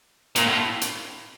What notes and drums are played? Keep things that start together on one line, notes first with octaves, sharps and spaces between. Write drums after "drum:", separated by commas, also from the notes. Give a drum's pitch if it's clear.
A#2, drum: hi-hat
A2
drum: hi-hat